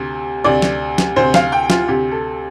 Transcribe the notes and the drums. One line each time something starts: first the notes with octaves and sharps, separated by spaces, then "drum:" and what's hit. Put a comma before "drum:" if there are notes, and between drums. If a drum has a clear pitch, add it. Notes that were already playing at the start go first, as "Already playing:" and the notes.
Already playing: D2 C3
D2 C3 D5
drum: snare
drum: snare
D2 C3 C5
F5, drum: snare
G5
F4, drum: snare
D2 C3 G4
A4